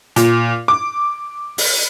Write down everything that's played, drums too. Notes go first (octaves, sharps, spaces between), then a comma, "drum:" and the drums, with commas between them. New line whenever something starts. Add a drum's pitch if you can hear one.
A#2, drum: hi-hat
D6
drum: open hi-hat